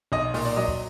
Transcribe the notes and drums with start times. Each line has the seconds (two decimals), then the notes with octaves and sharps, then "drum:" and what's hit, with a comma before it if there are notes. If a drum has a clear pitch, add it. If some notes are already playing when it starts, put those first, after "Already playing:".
0.12 B1 D#5
0.34 A#2, drum: open hi-hat
0.45 D5
0.56 F#3 D#5
0.68 drum: kick